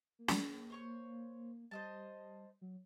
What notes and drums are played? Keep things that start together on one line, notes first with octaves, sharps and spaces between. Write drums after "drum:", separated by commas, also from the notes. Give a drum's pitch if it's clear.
A#3
drum: snare
C5 C#5 C#6
G3 C5 D#5 A5
F#3